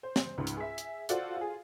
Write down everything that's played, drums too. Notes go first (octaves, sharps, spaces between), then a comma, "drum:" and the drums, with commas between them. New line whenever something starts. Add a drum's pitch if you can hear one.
C5
drum: snare
C#2 G#2
drum: hi-hat
G#4 E5
drum: hi-hat
F4 F#4 A4 C5 D5 F#5, drum: hi-hat
F4 G#4